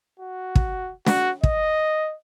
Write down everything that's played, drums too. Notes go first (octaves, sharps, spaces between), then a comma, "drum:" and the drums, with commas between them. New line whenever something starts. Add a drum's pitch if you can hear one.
F#4
drum: kick
F#4, drum: snare
D#5, drum: kick